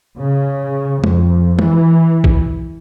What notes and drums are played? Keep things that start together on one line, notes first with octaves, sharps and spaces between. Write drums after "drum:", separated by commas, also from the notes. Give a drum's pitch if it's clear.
C#3
F2, drum: tom
E3, drum: tom
drum: kick A#1